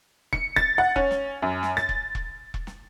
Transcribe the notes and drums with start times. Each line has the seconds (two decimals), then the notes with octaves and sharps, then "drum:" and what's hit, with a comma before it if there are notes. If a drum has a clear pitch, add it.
0.33 C#7, drum: kick E1
0.56 A6, drum: kick E1
0.78 F#5
0.96 C#4, drum: kick E1
1.11 drum: snare
1.42 F#2
1.63 drum: snare
1.77 A6, drum: snare
1.89 drum: kick E1
2.15 drum: kick E1
2.54 drum: kick E1
2.67 drum: snare